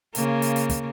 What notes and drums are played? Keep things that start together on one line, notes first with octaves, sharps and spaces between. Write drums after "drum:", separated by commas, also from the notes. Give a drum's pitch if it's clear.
C#3 A#3, drum: hi-hat
drum: hi-hat
drum: hi-hat
drum: kick, hi-hat